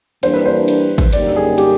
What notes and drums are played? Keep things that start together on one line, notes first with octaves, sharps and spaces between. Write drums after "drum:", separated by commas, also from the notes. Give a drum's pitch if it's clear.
E3 G3 A#3 D4 C5, drum: cymbal
B4
C5
drum: cymbal
drum: kick, cymbal
F#2 D3 G3 A#3 D#4 D5, drum: cymbal
G#4
G4, drum: cymbal